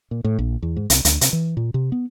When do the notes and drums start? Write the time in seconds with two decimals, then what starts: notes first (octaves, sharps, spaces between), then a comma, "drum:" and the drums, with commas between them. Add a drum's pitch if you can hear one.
0.11 A#2
0.24 A2
0.39 A#1
0.62 E2
0.76 G#2
0.90 C2, drum: hi-hat
1.05 D2, drum: hi-hat
1.21 C3, drum: hi-hat
1.33 E3
1.57 A#2
1.74 C3
1.92 B3